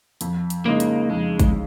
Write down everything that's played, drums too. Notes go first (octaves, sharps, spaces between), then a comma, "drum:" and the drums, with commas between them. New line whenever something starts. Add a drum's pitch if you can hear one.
F2, drum: hi-hat
drum: hi-hat
C#3 G#3 A#3 D#4
drum: hi-hat
F2 G#3
drum: kick, hi-hat